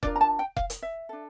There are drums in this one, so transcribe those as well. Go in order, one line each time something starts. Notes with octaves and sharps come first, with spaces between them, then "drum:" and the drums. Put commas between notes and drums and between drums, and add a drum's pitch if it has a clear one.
D4 F4 A#4 D5, drum: kick F1
A#5
A5
G5
F5, drum: kick F1
drum: hi-hat
E5
D4 A4